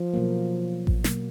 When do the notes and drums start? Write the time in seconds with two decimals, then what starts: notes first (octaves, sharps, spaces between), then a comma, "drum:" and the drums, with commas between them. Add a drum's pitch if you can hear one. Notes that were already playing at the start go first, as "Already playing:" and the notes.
Already playing: F3
0.14 B2 F#3 A#3
0.87 drum: kick A1
1.04 B2 F#3 A#3, drum: snare